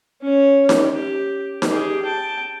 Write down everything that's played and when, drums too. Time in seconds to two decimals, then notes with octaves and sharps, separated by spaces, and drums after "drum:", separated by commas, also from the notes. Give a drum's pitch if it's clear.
0.22 C#4 C#5
0.69 drum: snare D#4
0.92 G4
1.62 drum: snare D#4
1.71 G4 G#4
2.04 G5 A5